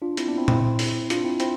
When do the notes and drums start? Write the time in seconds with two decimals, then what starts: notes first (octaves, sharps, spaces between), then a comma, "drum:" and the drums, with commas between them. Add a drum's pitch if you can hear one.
0.02 D4 F4
0.17 C4 E4, drum: hi-hat
0.27 B3 D4
0.37 C4 E4
0.48 C4 E4, drum: tom A#2
0.79 drum: open hi-hat
1.10 D4 F4, drum: hi-hat
1.24 C4 E4
1.40 C4 E4, drum: hi-hat